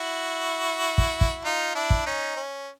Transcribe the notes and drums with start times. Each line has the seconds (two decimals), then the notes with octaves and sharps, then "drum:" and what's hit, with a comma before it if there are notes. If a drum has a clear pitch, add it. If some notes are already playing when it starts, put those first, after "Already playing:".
Already playing: E4 F#4
0.98 drum: kick
1.21 drum: kick
1.45 D#4 F4
1.75 D4 E4
1.90 drum: kick
2.06 C#4 D#4
2.37 C#4